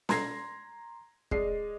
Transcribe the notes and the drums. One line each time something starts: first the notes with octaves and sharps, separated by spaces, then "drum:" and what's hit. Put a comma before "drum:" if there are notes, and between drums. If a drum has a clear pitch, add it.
A#5 C6 G#6 A#6 C7, drum: snare
G#3 D5 D#5 C7, drum: kick